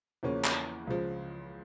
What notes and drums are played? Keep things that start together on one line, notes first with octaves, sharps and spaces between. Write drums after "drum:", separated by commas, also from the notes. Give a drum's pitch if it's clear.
E2 C#3 F3 A#3 C#4
drum: clap
C#2 C#3 F3